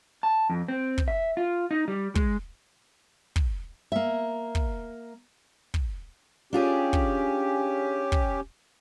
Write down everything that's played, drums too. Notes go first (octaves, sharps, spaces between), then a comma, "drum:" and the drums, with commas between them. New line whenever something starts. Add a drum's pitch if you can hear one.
A5
F2
C4
drum: kick
E5
F4
D#4
G3
G#3, drum: kick
drum: kick
A#3 E5
drum: kick
drum: kick
C#4 D4 F4 G4 G#4
drum: kick
drum: kick